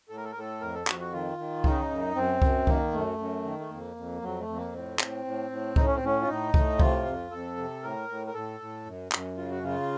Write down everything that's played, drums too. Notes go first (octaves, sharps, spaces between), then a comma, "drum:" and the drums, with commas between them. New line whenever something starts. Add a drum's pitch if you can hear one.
A2 A4
A#4
A4
A#4
A2 A4
F2 A#4
A4
F2 F#4, drum: clap
F#4
D#3 F4
D#3
C#3 D#4, drum: kick C2
F#2
F#2 C4
F#2, drum: kick C2
D#3 A#3, drum: kick C2
F#2 A3
F#2
D#3
A3
F2 A#3
F2
F2 F#3
A3
F2
A#3
A2 C4
A2, drum: clap
A2
A2
A2 D#4, drum: kick C2
C#4
C4
A2 C#4
F4
A2 D#4
A2, drum: kick C2
C3 F4, drum: kick C2
F2
F2 A4
C3
A2 A#4
A2
A#4
A2 A4
A2
F#2
F#2, drum: clap
C#3 F4
F#4
C#3 F4